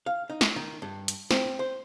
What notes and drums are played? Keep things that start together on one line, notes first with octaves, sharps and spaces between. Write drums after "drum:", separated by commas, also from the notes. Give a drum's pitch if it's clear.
F5
D#4
drum: snare
D#3
G2
drum: hi-hat
C4, drum: snare
C5